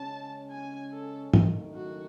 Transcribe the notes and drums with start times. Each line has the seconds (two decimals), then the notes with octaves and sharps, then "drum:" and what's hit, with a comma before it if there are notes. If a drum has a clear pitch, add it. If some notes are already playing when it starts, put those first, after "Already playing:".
Already playing: C#3 G#3 C#4 A5
0.51 G#5
0.92 A4
1.34 F#1 F#2 D#3 A3 D#4, drum: tom
1.75 F#4